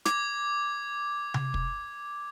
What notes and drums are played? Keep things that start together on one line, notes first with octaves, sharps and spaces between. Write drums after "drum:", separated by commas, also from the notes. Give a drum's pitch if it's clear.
D6 G#6, drum: snare
drum: tom C3
drum: kick